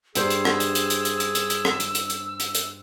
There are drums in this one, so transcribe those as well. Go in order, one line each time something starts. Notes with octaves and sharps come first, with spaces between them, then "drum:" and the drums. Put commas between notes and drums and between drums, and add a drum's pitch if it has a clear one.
G2 G#4 C5 E6, drum: hi-hat
drum: hi-hat
drum: rim click
drum: hi-hat
drum: hi-hat
drum: hi-hat
drum: hi-hat
drum: hi-hat
drum: hi-hat
drum: hi-hat
drum: rim click
drum: hi-hat
drum: hi-hat
drum: hi-hat
drum: hi-hat
drum: hi-hat